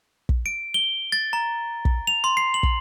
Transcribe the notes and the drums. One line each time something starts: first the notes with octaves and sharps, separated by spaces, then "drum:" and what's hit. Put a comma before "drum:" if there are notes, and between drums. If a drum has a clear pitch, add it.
drum: kick
D7
G7
A6
A#5
drum: kick
F7
C6
C7
F#7
drum: kick